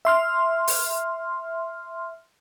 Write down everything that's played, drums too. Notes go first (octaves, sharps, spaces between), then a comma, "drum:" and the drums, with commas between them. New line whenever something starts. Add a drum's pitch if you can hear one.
E5 C6 F6
drum: open hi-hat